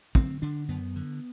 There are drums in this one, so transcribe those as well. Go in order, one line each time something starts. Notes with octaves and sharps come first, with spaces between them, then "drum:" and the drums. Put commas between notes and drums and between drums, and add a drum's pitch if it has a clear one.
D3 C4, drum: kick
D3 D4
F#2 B3
D3